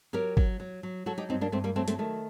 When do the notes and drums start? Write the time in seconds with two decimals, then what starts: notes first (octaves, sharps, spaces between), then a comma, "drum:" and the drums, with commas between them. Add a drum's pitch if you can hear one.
0.13 F#3 G4 A#4
0.37 F#3, drum: kick
0.60 F#3
0.83 F#3
1.06 F#3 F#4 A4
1.18 D#4 G4
1.29 G2 C4 D#4
1.41 A#3 D4
1.52 G2 A3 C4
1.64 G3 A#3
1.75 F#3 A3 C4
1.88 A3 C4, drum: hi-hat
1.99 D#3 A3